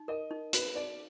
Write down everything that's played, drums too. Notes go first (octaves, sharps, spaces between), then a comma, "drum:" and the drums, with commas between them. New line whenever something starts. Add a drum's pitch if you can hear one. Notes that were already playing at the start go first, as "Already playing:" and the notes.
Already playing: D#4
A#4 D#5
D#4
F#4 B4, drum: hi-hat
D#4 D5